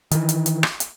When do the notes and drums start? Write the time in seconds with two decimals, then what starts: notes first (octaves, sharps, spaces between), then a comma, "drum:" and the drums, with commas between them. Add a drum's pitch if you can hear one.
0.11 D#3 E3, drum: hi-hat
0.29 drum: hi-hat
0.46 drum: hi-hat
0.63 drum: rim click
0.80 drum: hi-hat